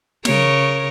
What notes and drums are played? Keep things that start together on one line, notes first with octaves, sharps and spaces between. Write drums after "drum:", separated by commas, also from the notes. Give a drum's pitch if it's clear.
C#3 A#4 C#5, drum: snare